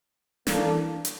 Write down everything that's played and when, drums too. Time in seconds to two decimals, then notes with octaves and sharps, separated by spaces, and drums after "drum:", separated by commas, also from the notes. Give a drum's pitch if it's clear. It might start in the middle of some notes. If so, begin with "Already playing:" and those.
0.47 E3 A#3 D4 A4, drum: snare
1.05 drum: hi-hat